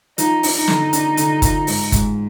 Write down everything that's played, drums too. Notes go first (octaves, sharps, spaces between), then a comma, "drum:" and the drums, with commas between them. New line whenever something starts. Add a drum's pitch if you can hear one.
F3 D#4, drum: hi-hat
D4, drum: open hi-hat
D#4
D3, drum: snare
D4, drum: hi-hat
D3, drum: hi-hat
F3, drum: kick, hi-hat
G#2, drum: open hi-hat
G#2, drum: kick, hi-hat